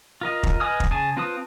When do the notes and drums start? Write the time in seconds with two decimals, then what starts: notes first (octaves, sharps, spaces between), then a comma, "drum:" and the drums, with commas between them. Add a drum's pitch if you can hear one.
0.21 F4 A#4 D#5
0.43 drum: kick
0.60 B4 D#5 G#5 D#6 F6
0.80 drum: kick
0.91 C#3 G#4 G#5 A5
1.17 C4 F4 B4 A5 D#6